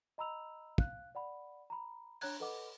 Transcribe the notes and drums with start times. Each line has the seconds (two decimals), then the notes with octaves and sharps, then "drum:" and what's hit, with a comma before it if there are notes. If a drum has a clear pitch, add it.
0.18 D#5 A#5 B5 E6 F7
0.78 F5 F#6, drum: kick
1.15 D5 F#5 B5
1.70 A#5 B5
2.21 D4 C#5 A#5 F#6 G#6, drum: open hi-hat
2.40 A4 B4 D#5 F#5 D6